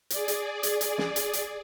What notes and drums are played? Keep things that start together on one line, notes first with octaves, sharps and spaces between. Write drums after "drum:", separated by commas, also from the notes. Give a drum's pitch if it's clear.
G#4 D5, drum: hi-hat
drum: hi-hat
drum: hi-hat
drum: hi-hat
drum: snare
drum: hi-hat
drum: hi-hat